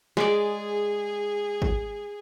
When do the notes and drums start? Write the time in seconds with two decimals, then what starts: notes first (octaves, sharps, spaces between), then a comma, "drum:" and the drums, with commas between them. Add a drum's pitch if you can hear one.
0.17 G#3 G#4 D5, drum: snare
1.62 drum: kick